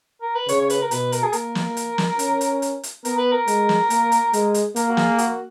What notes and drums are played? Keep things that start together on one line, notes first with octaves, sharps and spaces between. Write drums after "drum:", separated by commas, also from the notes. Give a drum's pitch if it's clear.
A#4
B4
C#3 C#5, drum: hi-hat
C#5
B4, drum: hi-hat
A#4
B2 B4, drum: hi-hat
A#4, drum: hi-hat
G#4
A#3 A#4, drum: hi-hat
drum: snare
drum: hi-hat
drum: snare
C#4, drum: hi-hat
drum: hi-hat
drum: hi-hat
drum: hi-hat
B3 A#4, drum: hi-hat
B4
A#4
G#3, drum: hi-hat
drum: snare
A#3, drum: hi-hat
drum: hi-hat
G#3, drum: hi-hat
drum: hi-hat
A#3 A#4, drum: hi-hat
F#4
G#4, drum: snare
F#4, drum: hi-hat